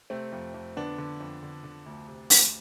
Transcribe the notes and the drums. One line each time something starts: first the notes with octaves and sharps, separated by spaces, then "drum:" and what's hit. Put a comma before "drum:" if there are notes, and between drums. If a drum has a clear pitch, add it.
C3 A3 C4
F2
F2
D3 B3 D4
D3
F2
D3
D3
D2
C3
D2, drum: open hi-hat